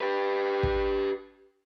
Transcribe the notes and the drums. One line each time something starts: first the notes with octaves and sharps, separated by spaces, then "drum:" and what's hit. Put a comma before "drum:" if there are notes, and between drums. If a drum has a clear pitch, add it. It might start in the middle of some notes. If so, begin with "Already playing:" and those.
G4 B4
drum: kick